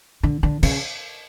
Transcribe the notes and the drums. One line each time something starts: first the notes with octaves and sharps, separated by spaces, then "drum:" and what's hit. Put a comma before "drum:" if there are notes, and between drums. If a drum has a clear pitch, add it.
D3
D3
C#3, drum: cymbal